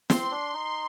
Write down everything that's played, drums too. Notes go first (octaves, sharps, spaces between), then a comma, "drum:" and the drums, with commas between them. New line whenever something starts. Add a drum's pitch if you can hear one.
C4 C6, drum: snare
D4
D#4